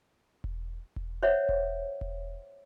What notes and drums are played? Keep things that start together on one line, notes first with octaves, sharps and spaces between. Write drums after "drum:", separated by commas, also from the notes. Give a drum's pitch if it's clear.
drum: kick E1
drum: kick E1
C5 C#5 E5 F#5
drum: kick E1
drum: kick E1